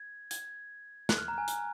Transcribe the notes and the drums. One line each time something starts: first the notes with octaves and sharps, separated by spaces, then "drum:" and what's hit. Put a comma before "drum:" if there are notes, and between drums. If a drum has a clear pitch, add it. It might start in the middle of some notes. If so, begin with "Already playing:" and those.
Already playing: G#6
G#6, drum: hi-hat
F#6, drum: snare
F6
A#5
G#5
drum: hi-hat